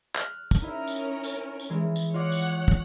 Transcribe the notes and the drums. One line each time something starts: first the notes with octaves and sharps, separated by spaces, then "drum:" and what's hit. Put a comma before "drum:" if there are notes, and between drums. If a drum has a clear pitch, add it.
F6 F#6, drum: clap
drum: kick, tambourine
C#4 D#4 E4 A#4 D#5
drum: tambourine
drum: tambourine
drum: tambourine
E3 G#3
drum: tambourine
F4 C#5 D#5 F#5 D6
drum: tambourine
drum: kick